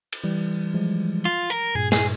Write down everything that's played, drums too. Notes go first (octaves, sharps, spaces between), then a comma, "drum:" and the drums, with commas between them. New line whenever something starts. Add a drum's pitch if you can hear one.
drum: cymbal
E3 G3
F3 G#3
F4
A#4
G2 A#2 G#4
G#4, drum: snare